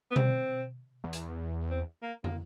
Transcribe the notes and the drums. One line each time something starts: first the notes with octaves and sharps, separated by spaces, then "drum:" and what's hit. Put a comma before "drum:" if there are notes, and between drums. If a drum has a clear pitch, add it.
B3
C4, drum: tom B2
E2
drum: hi-hat
C4
A#3
A#3, drum: tom